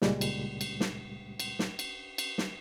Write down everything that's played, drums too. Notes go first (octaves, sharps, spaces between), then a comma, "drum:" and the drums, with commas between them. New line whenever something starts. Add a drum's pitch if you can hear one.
C#2 A#2 G3 G#3, drum: snare
drum: cymbal
drum: cymbal
drum: snare
drum: cymbal
drum: snare
drum: cymbal
drum: cymbal
drum: snare